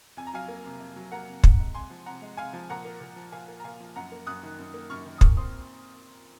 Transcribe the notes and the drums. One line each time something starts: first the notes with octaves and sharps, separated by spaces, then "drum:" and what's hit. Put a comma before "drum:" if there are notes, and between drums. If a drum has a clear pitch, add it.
F2 G#5
A#5
F#3 F5 G#5
A#3
C3
F2
F#3
A#3 F#5 A#5
C3
C3, drum: kick
G#3
C3 G#5 C6
F3
C3 F#5 A#5
G#3
C3 F5 G#5
F3
A#2 F#5 A#5
A#3
A#2
F3
A#2 F5 G#5
A#3
A#5
A#2 F5 G#5
F3
F#2 F#5 A#5
A#3
F#2 D#6 F#6
D#3
F#2
A#3
F#2 C#6 F6
D#3
D#6
A#2 C#6 F6, drum: kick
C4 C6 D#6